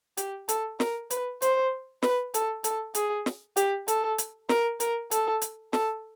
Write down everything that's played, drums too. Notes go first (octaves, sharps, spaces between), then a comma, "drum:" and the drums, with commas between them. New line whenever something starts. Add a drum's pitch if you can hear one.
G4, drum: hi-hat
A4, drum: hi-hat
A#4, drum: snare
B4, drum: hi-hat
C5, drum: hi-hat
B4, drum: snare
A4, drum: hi-hat
A4, drum: hi-hat
G#4, drum: hi-hat
drum: snare
G4, drum: hi-hat
A4, drum: hi-hat
drum: hi-hat
A#4, drum: snare
A#4, drum: hi-hat
A4, drum: hi-hat
drum: hi-hat
A4, drum: snare